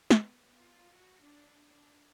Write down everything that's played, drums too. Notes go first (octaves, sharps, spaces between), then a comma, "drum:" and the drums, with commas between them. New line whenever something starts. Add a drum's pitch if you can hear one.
B3, drum: snare
F4
F#4
D4
D4